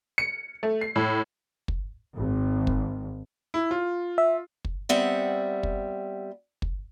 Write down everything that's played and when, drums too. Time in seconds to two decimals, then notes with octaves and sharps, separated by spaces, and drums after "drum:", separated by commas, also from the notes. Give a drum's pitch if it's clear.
0.18 C#7
0.63 A3
0.81 C7
0.96 A2
1.68 drum: kick
2.18 G#1
2.67 drum: kick
3.54 E4
3.71 F4
4.18 E5
4.65 drum: kick
4.89 G3 B3 C4 E5 F#5
5.63 drum: kick
6.62 drum: kick